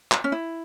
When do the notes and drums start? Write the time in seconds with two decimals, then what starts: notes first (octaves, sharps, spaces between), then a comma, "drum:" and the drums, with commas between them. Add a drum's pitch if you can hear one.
0.12 drum: clap
0.24 C#4
0.32 E4